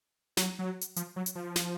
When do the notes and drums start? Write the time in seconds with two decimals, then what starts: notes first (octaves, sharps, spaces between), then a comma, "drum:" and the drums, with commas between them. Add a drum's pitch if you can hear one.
0.37 F#3, drum: snare
0.59 F#3
0.81 drum: hi-hat
0.96 F3, drum: hi-hat
1.16 F#3
1.26 drum: hi-hat
1.35 F3
1.56 drum: snare